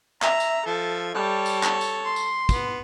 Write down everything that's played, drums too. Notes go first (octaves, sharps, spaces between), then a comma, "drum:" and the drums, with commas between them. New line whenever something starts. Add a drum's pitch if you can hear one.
E5 A#5, drum: clap
drum: tambourine
F3 A4
G3 A4 C#5
drum: tambourine
drum: clap
drum: tambourine
C6
drum: tambourine
B3, drum: kick, tambourine